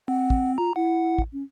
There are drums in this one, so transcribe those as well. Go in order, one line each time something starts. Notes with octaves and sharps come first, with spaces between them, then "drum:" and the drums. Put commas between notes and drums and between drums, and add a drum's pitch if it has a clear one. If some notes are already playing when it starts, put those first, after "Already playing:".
C4 F#5
drum: kick
F4 A#5
E4 F#5
drum: kick
C#4